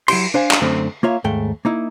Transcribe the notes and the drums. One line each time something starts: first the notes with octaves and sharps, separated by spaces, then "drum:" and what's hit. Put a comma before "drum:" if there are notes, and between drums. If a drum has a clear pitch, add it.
F#3 E4 G4 C6, drum: cymbal
D4 C5 F5 G#5
drum: clap
F#2 D3 A3 C4
A#3 F4 C#5 E5
D#2 G#2 A3 G5
A#3 D#4 E4